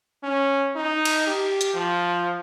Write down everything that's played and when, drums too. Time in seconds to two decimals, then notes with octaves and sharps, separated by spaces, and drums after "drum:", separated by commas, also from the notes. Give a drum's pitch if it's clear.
0.23 C#4
0.76 D#4
1.05 drum: cymbal
1.27 G4
1.61 drum: hi-hat
1.74 F3